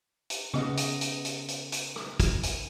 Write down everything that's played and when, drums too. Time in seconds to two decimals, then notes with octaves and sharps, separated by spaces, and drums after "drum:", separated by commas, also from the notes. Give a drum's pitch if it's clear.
0.30 drum: hi-hat
0.54 C#3 B3 D#5, drum: rim click
0.77 drum: hi-hat
1.01 drum: hi-hat
1.25 drum: hi-hat
1.48 drum: hi-hat
1.72 drum: hi-hat
1.96 drum: rim click
2.20 drum: kick, hi-hat
2.43 drum: hi-hat